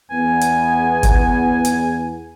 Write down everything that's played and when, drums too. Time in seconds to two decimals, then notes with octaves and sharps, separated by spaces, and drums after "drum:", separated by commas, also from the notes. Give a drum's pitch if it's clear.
0.11 E2 B3 G#5
0.41 drum: hi-hat
1.03 drum: kick G1, hi-hat
1.65 drum: hi-hat